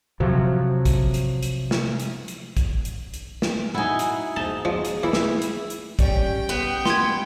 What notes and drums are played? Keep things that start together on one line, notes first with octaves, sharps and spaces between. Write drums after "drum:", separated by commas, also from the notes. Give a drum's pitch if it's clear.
C3 F3 F#3
drum: kick, hi-hat
drum: hi-hat
drum: hi-hat
drum: snare
drum: hi-hat
drum: hi-hat
drum: kick, hi-hat
drum: hi-hat
drum: hi-hat
drum: snare
D#4 E4 F#4 G#5
drum: hi-hat
G#2 D#4 A5
F3 G#4
drum: hi-hat
E3 E4
drum: snare
drum: hi-hat
drum: hi-hat
G3 C#4 G5, drum: kick, hi-hat
B3
C6 G#6, drum: snare